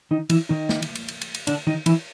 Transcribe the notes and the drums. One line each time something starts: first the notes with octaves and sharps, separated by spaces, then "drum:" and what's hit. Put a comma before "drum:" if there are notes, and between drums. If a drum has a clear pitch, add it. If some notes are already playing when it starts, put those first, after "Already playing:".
D#3 D#4
E3 E4, drum: cymbal
D#3 D#4
drum: snare
drum: cymbal
drum: cymbal
drum: cymbal
drum: cymbal
drum: cymbal
D3 D4, drum: cymbal
D#3 D#4
E3 E4, drum: cymbal